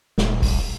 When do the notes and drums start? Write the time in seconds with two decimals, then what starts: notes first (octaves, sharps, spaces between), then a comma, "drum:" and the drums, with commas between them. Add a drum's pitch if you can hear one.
0.18 D#1, drum: snare
0.42 drum: kick, open hi-hat